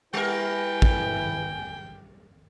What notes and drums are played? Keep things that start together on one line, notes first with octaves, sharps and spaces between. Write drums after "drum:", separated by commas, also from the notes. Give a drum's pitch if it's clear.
G3 E4 A#4 B4 G5 G#5
drum: kick